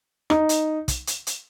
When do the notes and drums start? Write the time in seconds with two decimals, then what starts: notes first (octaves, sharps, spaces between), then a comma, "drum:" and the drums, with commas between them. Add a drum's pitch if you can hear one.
0.30 D#4, drum: rim click
0.49 drum: hi-hat
0.88 drum: kick, hi-hat
1.07 drum: hi-hat
1.27 drum: hi-hat